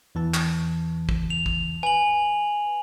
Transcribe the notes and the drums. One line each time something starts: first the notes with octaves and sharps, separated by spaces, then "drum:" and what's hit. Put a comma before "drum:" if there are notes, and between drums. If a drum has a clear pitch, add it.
E2 E3 A5
drum: clap
drum: kick
F7
drum: kick
B4 G#5 F#7